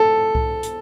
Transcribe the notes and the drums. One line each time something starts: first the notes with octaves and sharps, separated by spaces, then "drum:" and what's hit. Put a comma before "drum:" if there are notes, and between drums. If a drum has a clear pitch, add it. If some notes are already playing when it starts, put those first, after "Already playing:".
Already playing: A4
drum: kick C2
drum: hi-hat